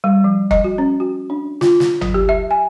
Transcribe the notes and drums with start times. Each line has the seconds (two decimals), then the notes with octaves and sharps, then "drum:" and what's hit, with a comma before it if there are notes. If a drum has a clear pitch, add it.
0.04 G3
0.24 F3
0.51 D#5, drum: kick F#1
0.64 F#4
0.78 C#4
1.00 F#4
1.30 D4
1.61 F4, drum: snare
1.80 drum: snare
2.01 F#3, drum: tom
2.14 G4
2.29 E5
2.51 G#5